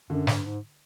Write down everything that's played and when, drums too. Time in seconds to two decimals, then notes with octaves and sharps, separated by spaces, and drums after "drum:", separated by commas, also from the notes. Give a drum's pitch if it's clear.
0.10 F#2 D3
0.27 G2, drum: snare
0.45 G#2